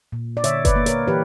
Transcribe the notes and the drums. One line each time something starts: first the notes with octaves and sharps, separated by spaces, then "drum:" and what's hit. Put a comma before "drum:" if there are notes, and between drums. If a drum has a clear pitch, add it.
A#2
D5
D3 C#5 E5, drum: hi-hat
B4 D5, drum: kick F#1, hi-hat
A#3
A#4 C#5, drum: hi-hat
E3 G4 B4